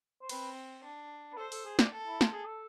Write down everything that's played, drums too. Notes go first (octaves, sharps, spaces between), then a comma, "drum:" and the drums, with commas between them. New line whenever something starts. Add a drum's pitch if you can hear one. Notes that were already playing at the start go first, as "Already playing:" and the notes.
C5
C4 B4, drum: cymbal
D4
B4
A4 C5
A4, drum: open hi-hat
G#4
D4, drum: snare
A4
E4
F4, drum: snare
G#4
A4